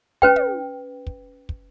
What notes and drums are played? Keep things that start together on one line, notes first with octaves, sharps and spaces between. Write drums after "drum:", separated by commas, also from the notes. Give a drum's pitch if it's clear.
C#4 B4 G5, drum: kick
drum: tom
drum: kick
drum: kick